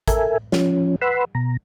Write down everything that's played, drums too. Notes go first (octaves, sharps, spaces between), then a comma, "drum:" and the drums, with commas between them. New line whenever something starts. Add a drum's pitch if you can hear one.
A4 A#4 E5 G#5, drum: kick, hi-hat
F3 C#4, drum: snare
B4 F#5 B5 C6 E6
B2 A#5